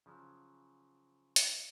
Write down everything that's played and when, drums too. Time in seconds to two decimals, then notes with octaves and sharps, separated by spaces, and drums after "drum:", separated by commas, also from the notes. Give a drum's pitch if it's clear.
0.06 C#3 F3 F#3
1.36 drum: hi-hat